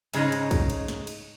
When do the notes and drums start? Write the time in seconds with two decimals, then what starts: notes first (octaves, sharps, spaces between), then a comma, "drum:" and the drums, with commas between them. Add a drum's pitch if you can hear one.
0.13 G#2 C#3 G#3 C#4 D#4, drum: cymbal
0.32 drum: cymbal
0.51 drum: kick, cymbal
0.70 drum: cymbal
0.88 drum: snare
1.07 drum: cymbal